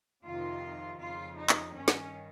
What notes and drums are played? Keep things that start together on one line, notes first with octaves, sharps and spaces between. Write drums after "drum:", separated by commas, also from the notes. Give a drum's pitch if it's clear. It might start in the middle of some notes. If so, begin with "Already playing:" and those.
F2 C3 D#3 F4
F2 C#3 F4
D#4
drum: clap
G2 D#3 C#4
drum: snare